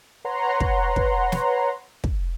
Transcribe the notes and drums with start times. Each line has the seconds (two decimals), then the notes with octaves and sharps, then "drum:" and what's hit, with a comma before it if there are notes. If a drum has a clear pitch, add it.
0.25 B4 C#5 F#5 A#5 C6
0.60 drum: kick
0.96 drum: kick
1.32 drum: snare
2.04 drum: kick